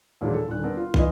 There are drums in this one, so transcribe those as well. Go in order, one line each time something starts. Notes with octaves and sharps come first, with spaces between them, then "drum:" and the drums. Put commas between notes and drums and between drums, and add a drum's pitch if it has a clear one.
D#2 A#2 E3 F#3 G#3 D4
A4
D#1 D3 F#6
B3 C4 D4 A#4
F4
E3 D#4 F4 B4 D#5, drum: kick